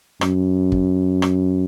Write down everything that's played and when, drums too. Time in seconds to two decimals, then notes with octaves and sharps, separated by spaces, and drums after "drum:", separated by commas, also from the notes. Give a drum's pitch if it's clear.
0.21 F#2, drum: rim click
0.72 drum: kick
1.22 drum: rim click